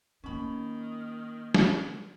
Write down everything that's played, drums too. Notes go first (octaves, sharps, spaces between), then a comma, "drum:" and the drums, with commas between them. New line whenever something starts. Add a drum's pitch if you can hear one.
D#3 A#3 C#4 D#4 B5
drum: snare